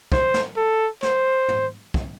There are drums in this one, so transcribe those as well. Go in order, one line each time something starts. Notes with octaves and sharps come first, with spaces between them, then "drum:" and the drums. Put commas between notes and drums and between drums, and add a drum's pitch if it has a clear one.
C5, drum: kick
drum: snare
A4
C5, drum: snare
drum: tom
drum: kick